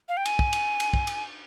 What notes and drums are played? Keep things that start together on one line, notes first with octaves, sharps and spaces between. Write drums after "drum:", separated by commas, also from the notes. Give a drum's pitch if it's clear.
F5
G5
G#5, drum: cymbal
drum: kick
drum: cymbal
drum: cymbal
drum: kick
drum: cymbal